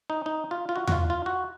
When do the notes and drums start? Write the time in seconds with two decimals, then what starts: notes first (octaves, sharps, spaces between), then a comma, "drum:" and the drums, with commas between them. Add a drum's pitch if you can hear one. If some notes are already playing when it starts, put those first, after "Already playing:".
0.10 D#4
0.26 D#4
0.51 F4
0.69 F4
0.76 F#4
0.87 F#4, drum: tom E2
0.92 F4
1.10 F4
1.26 F#4